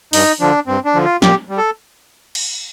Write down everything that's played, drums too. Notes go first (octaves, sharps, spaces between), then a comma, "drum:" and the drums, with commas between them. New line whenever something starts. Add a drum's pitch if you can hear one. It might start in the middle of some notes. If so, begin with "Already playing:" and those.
G2 D#4, drum: open hi-hat
D3 F3 D4
G2 C4
D4
D3 F3
F4
A#2 G4, drum: snare
G3
A4
drum: cymbal